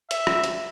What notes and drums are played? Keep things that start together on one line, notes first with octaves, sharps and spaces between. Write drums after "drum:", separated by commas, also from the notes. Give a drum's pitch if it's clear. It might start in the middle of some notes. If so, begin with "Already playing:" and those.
E5, drum: hi-hat
drum: rim click
drum: hi-hat